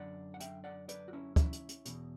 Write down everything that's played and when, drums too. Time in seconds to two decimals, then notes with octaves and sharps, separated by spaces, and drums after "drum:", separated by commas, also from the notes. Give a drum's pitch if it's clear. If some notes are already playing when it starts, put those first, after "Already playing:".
Already playing: F#2 D3 D5 F#5
0.34 F#5
0.40 E5 G5, drum: hi-hat
0.64 D5 F#5
0.89 B4 D5, drum: hi-hat
1.08 F#4
1.13 C#4 E4
1.36 C#4 E4, drum: kick D2, hi-hat
1.53 drum: hi-hat
1.69 drum: hi-hat
1.85 E2 B2, drum: hi-hat